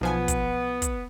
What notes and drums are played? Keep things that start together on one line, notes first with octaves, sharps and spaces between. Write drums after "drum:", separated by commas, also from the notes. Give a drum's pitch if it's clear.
B1 F3 B3 G#5
drum: kick, hi-hat
drum: kick, hi-hat